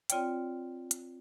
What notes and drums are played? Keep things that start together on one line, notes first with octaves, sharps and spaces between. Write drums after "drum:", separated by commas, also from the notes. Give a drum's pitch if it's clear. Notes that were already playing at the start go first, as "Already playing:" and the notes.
C4 F4 C#5 D5 G5, drum: hi-hat
drum: hi-hat